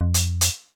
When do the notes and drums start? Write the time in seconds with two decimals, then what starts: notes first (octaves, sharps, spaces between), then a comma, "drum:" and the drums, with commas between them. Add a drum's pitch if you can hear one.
0.01 F2
0.14 drum: hi-hat
0.41 drum: hi-hat